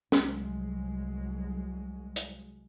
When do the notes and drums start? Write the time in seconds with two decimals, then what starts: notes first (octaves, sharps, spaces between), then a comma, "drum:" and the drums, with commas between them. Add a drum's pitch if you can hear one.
0.12 C2 F#3 G#3, drum: snare
2.16 drum: hi-hat